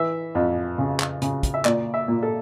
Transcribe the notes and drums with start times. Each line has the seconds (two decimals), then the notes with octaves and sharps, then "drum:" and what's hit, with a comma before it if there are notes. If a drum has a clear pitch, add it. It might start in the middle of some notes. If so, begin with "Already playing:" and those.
Already playing: E3 E5
0.35 F2
0.78 C#3
1.00 drum: clap
1.22 C#3, drum: hi-hat
1.43 drum: kick, hi-hat
1.54 E5
1.65 A#2 D5, drum: clap
1.94 E5
2.08 A#2
2.23 A4